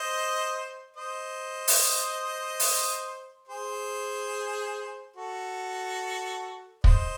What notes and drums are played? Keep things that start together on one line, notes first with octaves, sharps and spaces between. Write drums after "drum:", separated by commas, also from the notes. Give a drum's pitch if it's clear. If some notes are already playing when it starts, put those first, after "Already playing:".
Already playing: C5 D#5
C5 D#5
drum: open hi-hat
drum: open hi-hat
G#4 C5
F#4 A4
C5 D#5, drum: kick